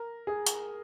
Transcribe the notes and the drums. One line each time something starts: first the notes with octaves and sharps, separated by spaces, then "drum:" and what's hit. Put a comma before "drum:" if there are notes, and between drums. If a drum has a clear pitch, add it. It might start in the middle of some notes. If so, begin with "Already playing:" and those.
Already playing: A#4
G#4
drum: hi-hat